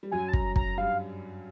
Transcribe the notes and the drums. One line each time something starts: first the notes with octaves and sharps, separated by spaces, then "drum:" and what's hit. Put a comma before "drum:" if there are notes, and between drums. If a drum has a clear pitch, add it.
G3
F#2 F#3 G#5
A5
A#5, drum: kick
A#5, drum: kick
G2 G3 F5